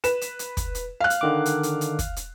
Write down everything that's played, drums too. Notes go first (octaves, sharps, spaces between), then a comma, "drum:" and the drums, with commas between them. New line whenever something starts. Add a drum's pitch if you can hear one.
B4 E7, drum: hi-hat
drum: hi-hat
drum: hi-hat
drum: kick, hi-hat
drum: hi-hat
F5 F#6
drum: hi-hat
D3 D#3 D6
drum: hi-hat
drum: hi-hat
drum: hi-hat
drum: kick, hi-hat
drum: hi-hat